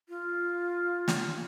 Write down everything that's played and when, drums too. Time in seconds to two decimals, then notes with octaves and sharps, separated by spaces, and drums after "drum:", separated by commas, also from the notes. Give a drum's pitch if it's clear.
0.09 F4
1.08 drum: snare